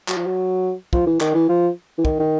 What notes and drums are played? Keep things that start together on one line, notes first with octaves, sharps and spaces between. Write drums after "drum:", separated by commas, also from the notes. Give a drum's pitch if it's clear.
F#3, drum: clap
F3
F#3
F3, drum: kick
E3
D#3, drum: clap
E3
F3
E3
D#3, drum: kick
D#3